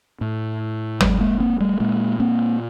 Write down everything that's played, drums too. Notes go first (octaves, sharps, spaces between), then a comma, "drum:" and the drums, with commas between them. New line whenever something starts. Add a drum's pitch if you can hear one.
A2
F#3 G#3, drum: tom
G#3 A#3
A#3 C4
G3 A3
A#2 G#3 A#3
A#3 C4